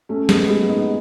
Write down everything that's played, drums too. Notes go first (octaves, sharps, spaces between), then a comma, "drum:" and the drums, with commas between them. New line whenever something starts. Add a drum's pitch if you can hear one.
A3 C#4
G#3 B3, drum: snare
G#3 B3
B3 D#4